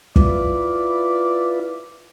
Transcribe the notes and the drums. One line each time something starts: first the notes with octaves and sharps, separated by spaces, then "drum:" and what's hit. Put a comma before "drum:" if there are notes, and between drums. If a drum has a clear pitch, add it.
E4 F4 B4 D5, drum: kick